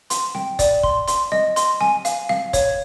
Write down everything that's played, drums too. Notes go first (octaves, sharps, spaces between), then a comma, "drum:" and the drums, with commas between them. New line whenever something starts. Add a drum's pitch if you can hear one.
C6, drum: hi-hat
G5, drum: snare C4
D5, drum: kick, hi-hat
C6, drum: kick
C6, drum: hi-hat
D#5, drum: snare C4
C6, drum: hi-hat
G#5, drum: snare C4
F5, drum: hi-hat
F5, drum: snare C4
C#5, drum: kick, hi-hat